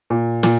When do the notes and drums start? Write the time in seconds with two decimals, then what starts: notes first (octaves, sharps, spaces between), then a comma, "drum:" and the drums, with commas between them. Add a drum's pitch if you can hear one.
0.10 A#2
0.43 A#2, drum: snare